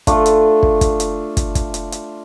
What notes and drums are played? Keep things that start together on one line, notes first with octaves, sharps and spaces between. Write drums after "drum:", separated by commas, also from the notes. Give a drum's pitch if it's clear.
A3 D4 F4, drum: kick, hi-hat
drum: hi-hat
drum: kick
drum: kick, hi-hat
drum: hi-hat
drum: kick, hi-hat
drum: kick, hi-hat
drum: hi-hat
drum: hi-hat